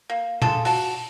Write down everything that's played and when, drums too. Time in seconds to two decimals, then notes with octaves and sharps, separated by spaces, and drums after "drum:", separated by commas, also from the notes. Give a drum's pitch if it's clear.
0.10 A#3
0.42 D4 F4 G#4 A4, drum: tom A#2
0.65 F#4 A5, drum: open hi-hat